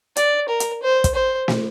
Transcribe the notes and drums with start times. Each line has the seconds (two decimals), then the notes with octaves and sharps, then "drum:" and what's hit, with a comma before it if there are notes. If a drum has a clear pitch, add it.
0.16 D5, drum: hi-hat
0.49 A#4
0.60 drum: hi-hat
0.83 C5
1.04 drum: kick, hi-hat
1.14 C5
1.48 drum: snare